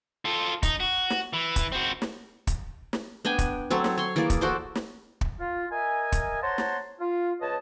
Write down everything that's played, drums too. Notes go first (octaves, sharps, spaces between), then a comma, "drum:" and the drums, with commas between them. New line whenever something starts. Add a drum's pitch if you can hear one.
F4 A4
D#4, drum: kick, hi-hat
F#4
drum: snare
E3
drum: kick, hi-hat
C4 F#4
drum: snare
drum: kick, hi-hat
drum: snare
B3 D4 G5 G#5
drum: kick, hi-hat
F#3 C4 A4 C#5
drum: snare
C#5 C6
E3 A#3 G#4 D5
drum: kick, hi-hat
F#4 A4 C5 D5
drum: snare
drum: kick
F4
A#4 D#5 E5 G#5
drum: kick, hi-hat
C5 C#5 F#5 A5 A#5 C6
drum: snare
F4
C#2 B4 C#5 D#5 A5